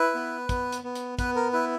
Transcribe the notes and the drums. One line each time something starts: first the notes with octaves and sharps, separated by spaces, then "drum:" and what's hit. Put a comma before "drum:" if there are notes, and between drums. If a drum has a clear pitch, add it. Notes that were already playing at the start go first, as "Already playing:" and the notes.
Already playing: E4 B4
B3
B3, drum: kick, hi-hat
drum: hi-hat
B3
drum: hi-hat
B3 B4, drum: kick, hi-hat
A#4
E4 B4